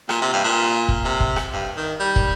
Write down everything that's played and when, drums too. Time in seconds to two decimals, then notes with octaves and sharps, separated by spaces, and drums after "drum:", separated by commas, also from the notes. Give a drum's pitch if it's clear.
0.09 A#2, drum: rim click
0.21 C3
0.33 G2
0.44 A#2
0.88 drum: kick
1.04 C3
1.20 drum: kick
1.36 drum: rim click
1.53 G2
1.77 D#3
2.00 G3
2.16 drum: kick